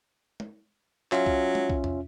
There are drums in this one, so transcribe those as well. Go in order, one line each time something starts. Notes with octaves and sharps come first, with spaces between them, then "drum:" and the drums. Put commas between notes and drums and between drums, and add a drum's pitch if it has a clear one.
drum: tom
F#3 C#4 F4 E5, drum: clap
drum: kick B1
drum: tom
drum: kick B1
drum: tom E2